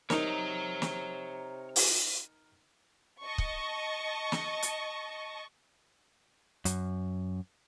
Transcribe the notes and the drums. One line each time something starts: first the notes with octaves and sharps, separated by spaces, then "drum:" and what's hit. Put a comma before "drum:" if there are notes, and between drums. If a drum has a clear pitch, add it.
C3 D#4 A#4 C#5 A#5, drum: snare
drum: snare
drum: open hi-hat
D#5 A5 C#6
drum: kick
drum: snare
drum: hi-hat
F#2, drum: hi-hat